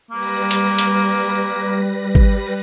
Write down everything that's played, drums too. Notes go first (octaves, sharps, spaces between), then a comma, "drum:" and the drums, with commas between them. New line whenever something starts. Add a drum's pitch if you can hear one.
G3 A#3 B4 A#6
drum: hi-hat
drum: hi-hat
drum: kick G#1